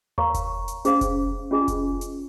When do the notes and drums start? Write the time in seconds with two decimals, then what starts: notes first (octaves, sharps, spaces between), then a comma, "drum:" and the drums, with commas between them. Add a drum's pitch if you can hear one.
0.18 A#4 C#5 F5 A#5 C#6, drum: tom D#2
0.34 drum: kick F1, hi-hat
0.68 drum: hi-hat
0.85 C#4 G#4 C5 F5, drum: hi-hat
1.01 drum: kick F1, hi-hat
1.51 C#4 F4 G#4 D#5 G#5
1.68 drum: kick F1, hi-hat
2.01 drum: hi-hat